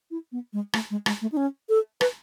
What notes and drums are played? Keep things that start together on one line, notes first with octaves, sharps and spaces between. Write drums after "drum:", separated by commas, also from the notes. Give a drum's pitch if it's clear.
E4
B3
G#3
A3, drum: rim click
G#3
G#3, drum: rim click
A3
D#4
C#4
A4
B4, drum: rim click